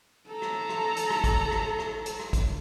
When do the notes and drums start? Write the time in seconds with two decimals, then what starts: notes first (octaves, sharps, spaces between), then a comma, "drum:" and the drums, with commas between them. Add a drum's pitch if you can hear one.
0.28 A4 A#5
0.42 drum: rim click
0.69 drum: rim click
0.97 drum: hi-hat
1.10 drum: rim click
1.24 drum: kick G#1, hi-hat
1.51 drum: rim click
1.78 drum: rim click
2.06 drum: hi-hat
2.19 drum: rim click
2.33 drum: kick G#1, hi-hat